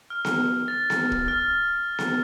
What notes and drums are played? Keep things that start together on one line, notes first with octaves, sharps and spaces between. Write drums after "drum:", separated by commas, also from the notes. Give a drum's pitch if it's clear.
F6
drum: snare B3
A6
drum: snare B3
drum: kick
F6
drum: snare B3